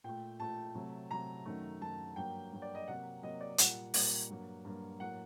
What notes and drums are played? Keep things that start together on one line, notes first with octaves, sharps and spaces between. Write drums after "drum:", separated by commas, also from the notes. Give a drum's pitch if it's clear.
A#2 A3 G5
A#2 A3 A5
C3 F#3 A3
C3 F#3 A3 A#5
F#2 D#3 F#3 A3
F#2 D#3 F#3 A3 A5
G2 F#3 A#3 G5
G2 F#3 A#3
D5
D#5
C3 F#3 A#3 F#5
C3 F#3 A#3 D#5
D5
A#2 G3 A#3 F#5, drum: hi-hat
A#2 G3 A#3, drum: open hi-hat
G2 F#3 A#3
G2 F#3 A#3
A2 F#3 A#3 F#5